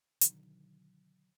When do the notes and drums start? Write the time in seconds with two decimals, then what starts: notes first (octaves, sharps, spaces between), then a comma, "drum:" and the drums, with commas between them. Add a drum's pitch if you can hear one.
0.21 B2 D3 D#3 F#3, drum: hi-hat